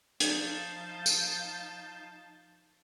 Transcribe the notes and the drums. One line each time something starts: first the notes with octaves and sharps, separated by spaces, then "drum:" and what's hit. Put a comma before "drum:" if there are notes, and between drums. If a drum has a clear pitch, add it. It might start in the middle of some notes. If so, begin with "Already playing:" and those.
F3 D#4 F5 A5 G6 A6, drum: hi-hat
drum: tambourine